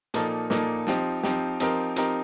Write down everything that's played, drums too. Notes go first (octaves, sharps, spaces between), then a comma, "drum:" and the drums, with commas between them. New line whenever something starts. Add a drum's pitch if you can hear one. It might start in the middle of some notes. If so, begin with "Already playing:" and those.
A#2 F3 A#3 D#4 A4, drum: hi-hat
A#2 F3 A#3 D#4 A4, drum: snare
F3 C4 D#4 G4, drum: snare
F3 C4 D#4 G4, drum: snare
F3 C4 D#4 G4 A#4, drum: hi-hat
F3 C4 D#4 G4 A#4, drum: hi-hat